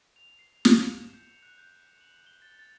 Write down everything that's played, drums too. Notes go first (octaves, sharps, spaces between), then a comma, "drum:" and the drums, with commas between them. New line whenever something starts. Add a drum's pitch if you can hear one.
F7
C7
C#7, drum: snare
E7
G6
F#6
G6
F#7
G7
A6
A6